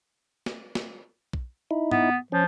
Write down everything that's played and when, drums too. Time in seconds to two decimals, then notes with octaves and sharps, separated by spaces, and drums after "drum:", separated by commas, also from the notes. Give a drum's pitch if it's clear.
0.46 drum: snare
0.75 drum: snare
1.33 drum: kick B1
1.71 D#4 E4
1.91 B3, drum: tom G#2
2.32 F3 C#4